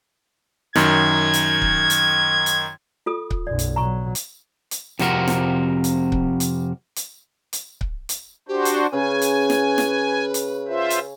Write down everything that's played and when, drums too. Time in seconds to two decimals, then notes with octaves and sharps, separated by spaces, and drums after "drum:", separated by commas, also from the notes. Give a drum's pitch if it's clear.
0.75 F#2 D#3 G#6, drum: snare
1.34 drum: hi-hat
1.62 drum: kick C#1
1.90 drum: hi-hat
2.46 drum: hi-hat
3.06 F4 A4 D#6
3.31 drum: kick C#1
3.47 B1 F#2 D5
3.59 drum: hi-hat
3.76 B2 F#3 A#5 C#6
4.15 drum: hi-hat
4.71 drum: hi-hat
4.99 F2 C3 F#4 A#4, drum: snare
5.28 drum: snare
5.84 drum: hi-hat
6.12 drum: kick C#1
6.40 drum: hi-hat
6.96 drum: hi-hat
7.53 drum: hi-hat
7.81 drum: kick C#1
8.09 drum: hi-hat
8.48 D4 F#4 G4 C5
8.65 drum: hi-hat
8.92 C#3 C#4 G#4 B4 G#5
9.22 drum: hi-hat
9.50 drum: snare
9.78 drum: snare
10.34 drum: hi-hat
10.68 F4 C5 E5
10.90 drum: hi-hat